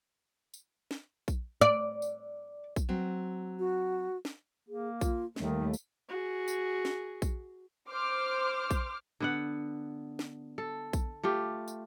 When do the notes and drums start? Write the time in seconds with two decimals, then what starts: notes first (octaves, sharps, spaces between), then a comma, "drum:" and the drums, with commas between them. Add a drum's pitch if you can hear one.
0.54 drum: tambourine
0.91 drum: snare
1.28 drum: kick A#1, tambourine
1.61 D5
2.02 drum: tambourine
2.76 drum: kick A#1, tambourine
2.89 F#3 C4
3.59 F#4
4.25 drum: snare
4.69 A#3 G#4
5.01 F4, drum: kick A#1, tambourine
5.36 D#2 D#3 G3 A3, drum: snare
5.73 drum: tambourine
6.09 F#4 G#4
6.48 drum: tambourine
6.85 drum: snare
7.22 drum: kick A#1, tambourine
7.89 C5 D6 F6
8.71 drum: kick A#1, tambourine
9.20 D3 B3 F#5
10.19 drum: snare
10.58 A4
10.93 drum: kick A#1, tambourine
11.24 A3 F4 G4
11.68 drum: tambourine